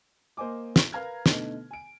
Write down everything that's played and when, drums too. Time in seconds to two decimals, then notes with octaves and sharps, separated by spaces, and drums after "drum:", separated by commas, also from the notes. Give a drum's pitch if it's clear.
0.37 A#3 C5 D#5 G#5 D6
0.76 drum: snare
0.93 A#4 B4 F5 A#5 F6 G#6
1.26 B2 D3 A3 D#4, drum: snare
1.71 G#5 D7